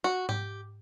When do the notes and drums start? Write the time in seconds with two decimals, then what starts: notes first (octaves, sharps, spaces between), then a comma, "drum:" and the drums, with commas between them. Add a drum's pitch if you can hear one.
0.04 F#4
0.29 G4, drum: tom G#2